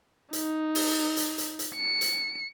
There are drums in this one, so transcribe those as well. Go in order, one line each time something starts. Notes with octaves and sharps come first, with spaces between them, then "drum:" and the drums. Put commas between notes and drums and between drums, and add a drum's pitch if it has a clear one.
D#4, drum: hi-hat
drum: open hi-hat
drum: hi-hat
drum: hi-hat
drum: hi-hat
C#7
drum: hi-hat